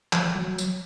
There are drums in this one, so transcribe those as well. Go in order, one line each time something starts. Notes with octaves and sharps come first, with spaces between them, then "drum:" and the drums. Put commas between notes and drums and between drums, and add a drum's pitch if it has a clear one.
F3, drum: clap
F#3
drum: tambourine